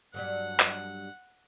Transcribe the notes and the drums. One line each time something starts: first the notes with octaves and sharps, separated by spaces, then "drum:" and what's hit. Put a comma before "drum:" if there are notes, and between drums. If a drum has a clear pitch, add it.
G2 F#3 G3 F#5
drum: clap